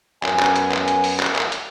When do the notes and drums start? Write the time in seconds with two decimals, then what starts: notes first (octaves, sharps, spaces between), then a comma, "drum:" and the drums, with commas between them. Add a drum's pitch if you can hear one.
0.23 F#2 B3 C#5 G#5, drum: clap
0.40 drum: clap
0.56 drum: hi-hat
0.72 drum: clap
0.88 drum: hi-hat
1.04 drum: open hi-hat
1.20 drum: clap
1.36 drum: clap
1.52 drum: hi-hat